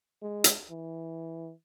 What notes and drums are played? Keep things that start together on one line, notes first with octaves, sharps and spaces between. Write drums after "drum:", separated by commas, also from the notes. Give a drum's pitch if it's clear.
G#3
drum: hi-hat
E3